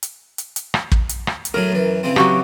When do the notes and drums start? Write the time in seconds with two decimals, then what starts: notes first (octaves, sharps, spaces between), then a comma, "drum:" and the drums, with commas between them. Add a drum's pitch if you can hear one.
0.03 drum: hi-hat
0.38 drum: hi-hat
0.56 drum: hi-hat
0.74 drum: rim click
0.92 drum: kick
1.09 drum: hi-hat
1.27 drum: rim click
1.45 drum: hi-hat
1.54 A2 F#3 G#4 A#4
1.72 F#2 E3
2.03 C#3 E3 C4
2.16 F#3 F#4 G4, drum: rim click